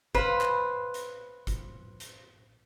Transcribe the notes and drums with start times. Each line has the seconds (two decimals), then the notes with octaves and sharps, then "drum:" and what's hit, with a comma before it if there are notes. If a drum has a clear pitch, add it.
0.15 B4 C5 F5, drum: kick
0.41 drum: clap
0.94 drum: hi-hat
1.47 drum: kick, hi-hat
2.00 drum: hi-hat